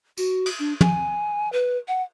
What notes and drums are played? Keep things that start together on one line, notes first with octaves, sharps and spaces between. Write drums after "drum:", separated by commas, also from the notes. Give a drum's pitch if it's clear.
F#4, drum: tambourine
drum: cymbal
D4
G#5, drum: tom
B4
F#5